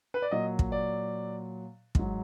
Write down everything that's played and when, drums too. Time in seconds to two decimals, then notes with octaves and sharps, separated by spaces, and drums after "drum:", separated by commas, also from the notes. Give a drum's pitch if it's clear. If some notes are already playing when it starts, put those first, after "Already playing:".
0.14 B4
0.22 D5
0.31 A#2 F#3 D#5
0.59 drum: kick
0.72 D5
1.95 G#2 F#3, drum: kick